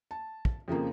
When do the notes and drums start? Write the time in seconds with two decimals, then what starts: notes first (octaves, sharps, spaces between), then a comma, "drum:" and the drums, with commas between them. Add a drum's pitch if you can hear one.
0.11 A5
0.45 drum: kick
0.68 F2 C#3 F3 A#3